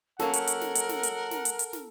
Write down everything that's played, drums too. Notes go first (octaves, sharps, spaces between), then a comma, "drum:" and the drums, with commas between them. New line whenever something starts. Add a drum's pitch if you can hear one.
F#3 A#3 C#4 A4 A#4 F#5, drum: snare
drum: hi-hat
drum: hi-hat
drum: snare
drum: hi-hat
drum: snare
drum: hi-hat
drum: snare
drum: hi-hat
drum: hi-hat
drum: snare